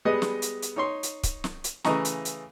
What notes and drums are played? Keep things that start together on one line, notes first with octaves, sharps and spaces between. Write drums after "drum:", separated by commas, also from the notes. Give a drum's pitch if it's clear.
G3 G#3 B3 G#4 B4 D#5
drum: snare
drum: hi-hat
drum: hi-hat
D#4 C#5 C6
drum: hi-hat
drum: kick C#1, hi-hat
drum: snare
drum: hi-hat
C#3 E3 A3 D#5 A#5 C#6, drum: snare
drum: hi-hat
drum: hi-hat